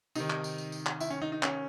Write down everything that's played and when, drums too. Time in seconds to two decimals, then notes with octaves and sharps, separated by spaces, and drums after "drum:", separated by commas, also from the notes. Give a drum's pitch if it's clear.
0.15 C3 D#3 D#4, drum: tambourine
0.30 drum: clap
0.44 drum: tambourine
0.58 drum: tambourine
0.72 drum: tambourine
0.86 drum: clap
1.00 E4, drum: tambourine
1.10 C#4
1.22 D#4
1.32 D#4
1.43 C#4, drum: clap